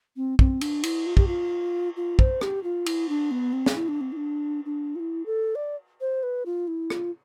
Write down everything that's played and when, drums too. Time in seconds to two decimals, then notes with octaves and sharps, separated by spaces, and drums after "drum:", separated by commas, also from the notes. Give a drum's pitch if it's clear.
0.16 C4
0.39 C4, drum: kick
0.61 D4, drum: cymbal
0.83 E4, drum: cymbal
1.06 F4
1.17 G4, drum: kick
1.27 F4
1.96 F4
2.19 C5, drum: kick
2.41 G4, drum: rim click
2.64 F4
2.86 E4, drum: cymbal
3.09 D4
3.31 B3
3.53 C4
3.66 drum: snare
3.76 E4
3.88 D4
4.01 C4
4.12 E4
4.17 D4
4.65 D4
4.95 F4
5.00 E4
5.26 A4
5.55 D5
6.01 C5
6.23 B4
6.46 F4
6.67 E4
6.90 F4, drum: rim click